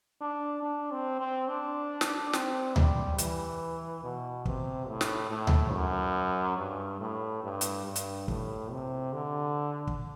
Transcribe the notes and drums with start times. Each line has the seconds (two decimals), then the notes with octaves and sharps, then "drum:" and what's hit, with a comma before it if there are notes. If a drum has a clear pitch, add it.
0.21 D4
0.63 D4
0.91 C4
1.20 C4
1.49 D4
2.01 drum: snare
2.33 C4, drum: snare
2.76 G3, drum: tom D2
3.18 E3, drum: hi-hat
4.04 B2
4.45 C3, drum: kick
4.88 A2
5.01 drum: snare
5.30 A2
5.47 drum: tom D2
5.73 F#2
6.58 G2
7.00 A2
7.43 G2
7.61 drum: hi-hat
7.86 G2
7.96 drum: hi-hat
8.28 A2, drum: kick
8.71 C3
9.13 D3
9.87 drum: kick